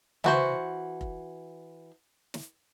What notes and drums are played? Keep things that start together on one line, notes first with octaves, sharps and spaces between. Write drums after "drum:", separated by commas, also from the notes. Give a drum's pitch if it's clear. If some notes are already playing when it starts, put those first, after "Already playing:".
E3 F#4 C5, drum: tom C#3
drum: kick F1
drum: snare